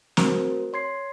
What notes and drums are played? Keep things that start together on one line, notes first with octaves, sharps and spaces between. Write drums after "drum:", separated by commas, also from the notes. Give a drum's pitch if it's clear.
A3 C4 F#4 A#4 C5, drum: snare
C#5 C6 G#6 C7